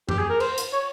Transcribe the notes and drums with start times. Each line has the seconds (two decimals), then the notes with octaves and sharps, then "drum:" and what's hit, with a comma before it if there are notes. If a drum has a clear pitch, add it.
0.09 G4, drum: tom F#2
0.19 G#4
0.29 A#4
0.40 C5, drum: cymbal
0.58 drum: hi-hat
0.73 C#5